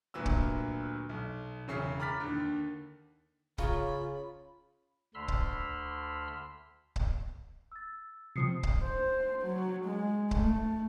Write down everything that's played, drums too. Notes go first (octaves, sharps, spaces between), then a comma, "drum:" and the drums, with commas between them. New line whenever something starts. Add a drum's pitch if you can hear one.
D2 A#2 F#3 B4 E6
drum: kick C#1
B1
E1 C#3 C#4 E5 C7
A#5 B5 D6 F6 A6 B6
D#2 D3
C#3 F4 C#5 F5 A#5 B5, drum: kick C#1
D2 D3 B5 C6 E6 F6
drum: kick C#1
drum: kick C#1
E6 A6
C3 F3 F#3 D#6 C7 C#7
drum: kick C#1
C5
F#3
G#3
A3, drum: kick C#1